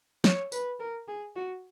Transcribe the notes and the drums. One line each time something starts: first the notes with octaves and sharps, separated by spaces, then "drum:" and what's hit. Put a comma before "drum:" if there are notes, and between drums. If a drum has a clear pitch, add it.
C#5, drum: snare
B4, drum: tambourine
A#4
G#4
F#4